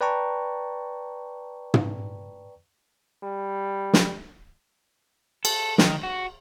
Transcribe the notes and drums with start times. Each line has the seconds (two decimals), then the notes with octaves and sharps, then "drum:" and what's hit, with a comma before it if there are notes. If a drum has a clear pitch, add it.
0.01 B4 D5 G5 A5 A#5 C#6
1.74 drum: tom
3.23 G3
3.93 drum: snare
5.45 A4, drum: cymbal
5.78 D#3, drum: snare
6.03 F#4